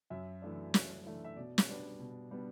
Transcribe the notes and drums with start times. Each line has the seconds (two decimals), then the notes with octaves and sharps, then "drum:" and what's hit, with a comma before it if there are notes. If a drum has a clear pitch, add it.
0.10 F#2 E5
0.42 E3 A3 D4
0.74 F#2, drum: snare
1.05 E3 A3 D4
1.24 E5
1.36 B2 D5
1.58 drum: snare
1.69 G3 B3 D4
2.00 B2
2.31 G3 B3 D4